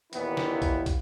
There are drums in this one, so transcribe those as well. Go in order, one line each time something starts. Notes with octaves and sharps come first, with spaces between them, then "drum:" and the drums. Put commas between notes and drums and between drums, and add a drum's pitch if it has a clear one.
D#2 A#2 E3 A#3 B3 E4, drum: hi-hat
drum: snare
drum: kick, hi-hat
drum: kick, hi-hat